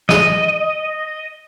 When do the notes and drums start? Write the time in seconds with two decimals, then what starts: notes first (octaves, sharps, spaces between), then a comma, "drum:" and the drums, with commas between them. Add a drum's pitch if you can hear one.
0.09 D#5, drum: snare